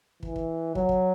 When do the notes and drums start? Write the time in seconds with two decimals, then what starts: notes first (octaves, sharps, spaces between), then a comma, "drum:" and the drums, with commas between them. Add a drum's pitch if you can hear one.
0.23 E3, drum: kick
0.36 drum: kick
0.75 F#3, drum: kick
0.89 drum: kick